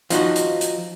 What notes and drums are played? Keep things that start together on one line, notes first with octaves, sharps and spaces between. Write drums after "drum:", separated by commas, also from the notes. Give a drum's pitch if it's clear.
F3 D#4 F#4, drum: hi-hat
drum: hi-hat
drum: hi-hat